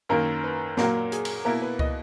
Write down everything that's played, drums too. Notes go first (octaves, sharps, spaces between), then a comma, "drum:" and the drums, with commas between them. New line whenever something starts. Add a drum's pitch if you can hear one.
F#2 D#3 A#3 A#4
B4
A#2 F#3 A#3 A#4, drum: snare
G#4, drum: hi-hat
drum: cymbal
B2 A#3 E4 A#4
B4
D#5, drum: kick C#2